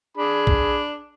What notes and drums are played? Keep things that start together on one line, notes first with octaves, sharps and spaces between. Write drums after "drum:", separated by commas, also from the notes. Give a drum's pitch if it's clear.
D4 G#4 B5
drum: kick